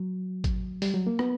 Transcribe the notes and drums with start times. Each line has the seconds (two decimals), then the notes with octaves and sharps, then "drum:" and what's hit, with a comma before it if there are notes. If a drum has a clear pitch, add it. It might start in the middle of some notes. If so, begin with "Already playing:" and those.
Already playing: F#3
0.44 drum: kick G#1, hi-hat
0.82 G3, drum: open hi-hat
0.94 F#3
1.07 A#3
1.19 B3, drum: rim click